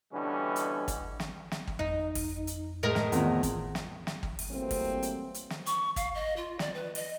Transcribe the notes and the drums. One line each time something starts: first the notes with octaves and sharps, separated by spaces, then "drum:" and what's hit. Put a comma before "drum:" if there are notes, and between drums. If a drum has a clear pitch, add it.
B2 D3 E3 G3 C#4 D4
drum: hi-hat
drum: kick G#1, hi-hat
drum: snare
drum: snare
drum: kick G#1
F2 D#4
drum: kick G#1, open hi-hat
drum: hi-hat
A2 G#3 A#4
drum: snare
E2 D#3 C4 F4, drum: hi-hat
drum: kick G#1, hi-hat
drum: snare
drum: snare
drum: kick G#1
drum: open hi-hat
E3 F#3 G3 A3 A#3 C4
drum: kick G#1, open hi-hat
drum: hi-hat
drum: hi-hat
drum: snare
C#6, drum: hi-hat
F5, drum: kick G#1, hi-hat
D#5
F4
D5, drum: snare
B4
D#5, drum: open hi-hat